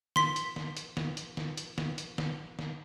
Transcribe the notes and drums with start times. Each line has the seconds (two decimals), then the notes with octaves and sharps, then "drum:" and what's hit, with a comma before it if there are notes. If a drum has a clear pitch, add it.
0.16 C6 B6, drum: snare
0.36 drum: hi-hat
0.56 drum: snare
0.77 drum: hi-hat
0.97 drum: snare
1.17 drum: hi-hat
1.37 drum: snare
1.57 drum: hi-hat
1.78 drum: snare
1.98 drum: hi-hat
2.18 drum: snare
2.59 drum: snare